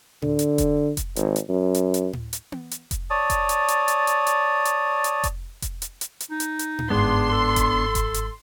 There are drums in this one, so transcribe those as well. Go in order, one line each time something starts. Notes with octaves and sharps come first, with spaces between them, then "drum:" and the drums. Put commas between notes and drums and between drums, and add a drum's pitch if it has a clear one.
D3, drum: tom A2
drum: hi-hat
drum: kick F1, hi-hat
drum: kick F1, hi-hat
G#1, drum: hi-hat
drum: hi-hat
F#2
drum: hi-hat
drum: hi-hat
drum: tom A2
drum: hi-hat
drum: tom B3
drum: hi-hat
drum: kick F1, hi-hat
C#5 D5 A5 D#6
drum: kick F1, hi-hat
drum: hi-hat
drum: hi-hat
drum: hi-hat
drum: hi-hat
drum: hi-hat
drum: hi-hat
drum: hi-hat
drum: kick F1, hi-hat
drum: kick F1, hi-hat
drum: hi-hat
drum: hi-hat
drum: hi-hat
D#4
drum: hi-hat
drum: hi-hat
drum: tom A2
G1 G#2 B3 D4 G#4 C6
A4
drum: kick F1, hi-hat
drum: kick F1, hi-hat
drum: hi-hat